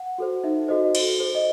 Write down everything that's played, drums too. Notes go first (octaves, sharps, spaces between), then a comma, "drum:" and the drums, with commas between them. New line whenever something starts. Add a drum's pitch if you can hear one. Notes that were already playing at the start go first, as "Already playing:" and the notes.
Already playing: F#5
F#4 A4 C5
D#4 E5
F#4 A4 C5 D#5
F#4, drum: cymbal
A4 C5
D#5